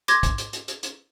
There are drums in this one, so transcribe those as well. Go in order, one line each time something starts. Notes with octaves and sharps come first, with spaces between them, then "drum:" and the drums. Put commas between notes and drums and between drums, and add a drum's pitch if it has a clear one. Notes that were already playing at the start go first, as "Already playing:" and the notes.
C6 D6 G#6 A#6, drum: hi-hat
drum: kick, hi-hat
drum: hi-hat
drum: hi-hat
drum: hi-hat
drum: hi-hat